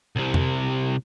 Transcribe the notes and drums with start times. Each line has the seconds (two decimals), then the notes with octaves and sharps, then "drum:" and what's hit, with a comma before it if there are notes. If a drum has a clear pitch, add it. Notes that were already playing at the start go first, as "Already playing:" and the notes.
0.16 C2 C3
0.34 drum: tom F2